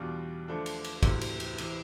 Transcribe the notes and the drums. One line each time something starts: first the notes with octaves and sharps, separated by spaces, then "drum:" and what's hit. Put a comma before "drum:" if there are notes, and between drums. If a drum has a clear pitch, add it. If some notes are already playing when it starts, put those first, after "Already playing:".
Already playing: E2 B2 G3 D4 F4
D3 F3 A3 D4
drum: cymbal
drum: cymbal
D2 C3 E3, drum: kick, cymbal
drum: cymbal
drum: cymbal
C3 E3, drum: cymbal